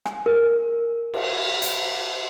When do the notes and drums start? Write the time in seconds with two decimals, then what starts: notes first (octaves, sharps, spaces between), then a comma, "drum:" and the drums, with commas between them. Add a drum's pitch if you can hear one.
0.06 G#5, drum: rim click
0.26 A#4
1.14 drum: cymbal
1.62 drum: hi-hat